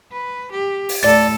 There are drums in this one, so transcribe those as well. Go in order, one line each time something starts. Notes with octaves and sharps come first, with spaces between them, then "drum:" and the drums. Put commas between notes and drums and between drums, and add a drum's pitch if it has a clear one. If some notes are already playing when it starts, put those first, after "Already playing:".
B4
G4
drum: open hi-hat
A2 A4 D5 A6, drum: rim click